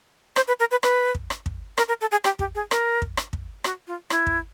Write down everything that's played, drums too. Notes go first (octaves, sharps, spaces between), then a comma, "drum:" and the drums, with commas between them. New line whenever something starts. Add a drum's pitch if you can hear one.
C5, drum: rim click
B4
A#4
B4
B4, drum: rim click
drum: kick
drum: rim click
drum: kick
A#4, drum: rim click
A#4
A4
G#4
G4, drum: rim click
G4, drum: kick
G#4
A#4, drum: rim click
drum: kick
drum: rim click
drum: kick
F#4, drum: rim click
F4
E4, drum: rim click
drum: kick